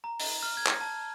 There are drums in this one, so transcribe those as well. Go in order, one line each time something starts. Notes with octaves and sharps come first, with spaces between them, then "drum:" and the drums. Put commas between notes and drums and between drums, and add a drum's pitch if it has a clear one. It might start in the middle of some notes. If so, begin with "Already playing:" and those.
A#5
drum: open hi-hat
F6
G#6
drum: clap
A5